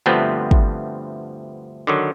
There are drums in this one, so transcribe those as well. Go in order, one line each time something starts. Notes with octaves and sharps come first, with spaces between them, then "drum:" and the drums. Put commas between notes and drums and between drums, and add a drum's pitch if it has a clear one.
D2 G2 F3 A3 B3 C4
drum: kick
D3 D#3 F#3